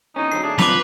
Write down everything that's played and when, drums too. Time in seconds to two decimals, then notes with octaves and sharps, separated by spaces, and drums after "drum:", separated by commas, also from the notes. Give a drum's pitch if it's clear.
0.16 E2 E3 C#4 D#4
0.32 D3 F#3 C4 C7
0.43 D2 A3 D4 G#4
0.59 D#2 F3 B4 C5 D6 F7, drum: snare